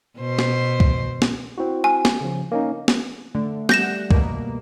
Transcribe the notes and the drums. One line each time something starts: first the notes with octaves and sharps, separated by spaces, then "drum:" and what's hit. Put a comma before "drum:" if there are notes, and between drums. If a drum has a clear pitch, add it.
B2 C5
drum: snare
drum: kick C2
drum: snare
C4 E4 F#4
G#5
drum: snare
C#3 F3
A#3 C#4 D#4
drum: snare
D3 A3
G3 F#5 G6 A#6 E7, drum: snare
B2 A#3, drum: kick C2